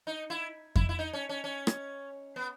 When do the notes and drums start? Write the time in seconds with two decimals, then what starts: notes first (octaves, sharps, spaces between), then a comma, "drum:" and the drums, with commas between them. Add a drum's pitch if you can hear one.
0.07 D#4
0.30 E4
0.76 E4, drum: kick F2
0.89 E4
0.99 D#4
1.13 C#4
1.29 C#4
1.44 C#4
1.67 drum: rim click
2.36 B3